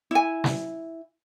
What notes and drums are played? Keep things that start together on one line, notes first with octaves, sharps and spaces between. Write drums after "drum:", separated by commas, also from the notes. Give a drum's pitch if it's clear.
E4 G#5
drum: snare